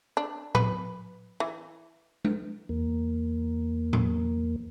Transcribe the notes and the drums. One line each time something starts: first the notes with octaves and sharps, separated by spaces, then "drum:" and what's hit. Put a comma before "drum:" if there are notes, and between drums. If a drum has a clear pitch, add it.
D4
B4, drum: tom A2
E3
drum: tom G#3
E2 A#3
drum: tom A2